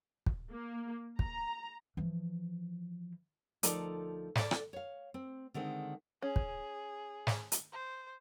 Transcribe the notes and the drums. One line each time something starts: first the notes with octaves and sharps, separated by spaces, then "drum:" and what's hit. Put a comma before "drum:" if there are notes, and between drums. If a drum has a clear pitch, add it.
drum: kick
A#3
A#5, drum: kick
E3 F3
D2 F3 D#4 A4 A#4 D5, drum: hi-hat
A4 D5, drum: snare
drum: rim click
C#5 F5
C4
D3 D#3 G#3 C4
C#4 G#4
drum: kick
drum: snare
drum: hi-hat
C5